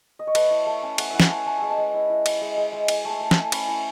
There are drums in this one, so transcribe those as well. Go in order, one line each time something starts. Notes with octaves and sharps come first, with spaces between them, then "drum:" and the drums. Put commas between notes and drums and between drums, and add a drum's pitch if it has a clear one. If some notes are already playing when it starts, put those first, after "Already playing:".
D#5
C#5
A3 B4, drum: cymbal
E4
A3
C#4
A3 F#5, drum: cymbal
E4 E5 F#5
drum: snare
A3 G#5
A3 A5
G#3 G#5
A5
G#3
E4
E4
E4, drum: cymbal
G#3
G#3
G#3
E4 G#5, drum: cymbal
A3 A5
A3
G#5, drum: snare
A3
C#4 B5, drum: cymbal
E4